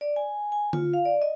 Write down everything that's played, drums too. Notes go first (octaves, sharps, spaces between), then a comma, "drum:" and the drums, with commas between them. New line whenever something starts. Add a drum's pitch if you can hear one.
D5
G#5
G#5
F4, drum: tom D3
F5
D5
D#5